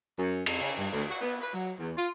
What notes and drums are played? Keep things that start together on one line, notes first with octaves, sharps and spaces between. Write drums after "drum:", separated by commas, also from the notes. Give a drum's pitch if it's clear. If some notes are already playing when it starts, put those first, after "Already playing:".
F#2
F2, drum: cymbal
C#3
G2
D2
F#4
B3
B4
F#3
E2
F4